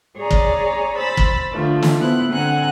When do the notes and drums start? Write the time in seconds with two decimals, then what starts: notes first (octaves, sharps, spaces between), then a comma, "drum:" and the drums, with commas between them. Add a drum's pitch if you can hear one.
0.16 G#4 C#5 D5 G#5 A#5
0.31 drum: kick
0.96 C5 B5 E6 A6
1.17 drum: kick
1.52 D3 F3 A3
1.82 drum: snare
1.98 B3 E4 C5 F#6
2.29 D3 C4 F#5 G#5 A#5 F#6